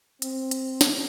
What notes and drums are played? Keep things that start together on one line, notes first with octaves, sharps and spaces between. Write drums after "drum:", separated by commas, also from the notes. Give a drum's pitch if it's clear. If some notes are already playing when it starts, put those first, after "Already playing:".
C4, drum: hi-hat
drum: hi-hat
drum: snare